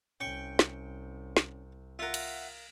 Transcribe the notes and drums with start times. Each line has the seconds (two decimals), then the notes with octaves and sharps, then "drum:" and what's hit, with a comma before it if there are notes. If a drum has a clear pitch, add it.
0.20 C2 C#4 G5 C#6
0.59 drum: snare
1.37 drum: snare
1.99 F4 A#4 E5 F#5
2.14 drum: cymbal